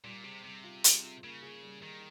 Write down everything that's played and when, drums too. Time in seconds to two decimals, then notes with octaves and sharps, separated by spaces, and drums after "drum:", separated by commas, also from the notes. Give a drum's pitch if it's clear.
0.04 A#2 G3
0.24 C3 G#4
0.43 C3 G3
0.64 F4
0.84 G#4, drum: hi-hat
1.03 F4
1.23 C#3 A#3
1.43 G#4
1.63 G3
1.82 D#3 G#4